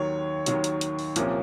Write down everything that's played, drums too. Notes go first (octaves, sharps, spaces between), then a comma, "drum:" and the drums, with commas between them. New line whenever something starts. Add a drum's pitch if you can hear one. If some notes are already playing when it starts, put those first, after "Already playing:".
Already playing: D#2 D#3 F#3 C#5
D#2 D#3 F#3, drum: hi-hat
drum: hi-hat
drum: hi-hat
drum: open hi-hat
C2 A#2 F3 A#3 C#4, drum: hi-hat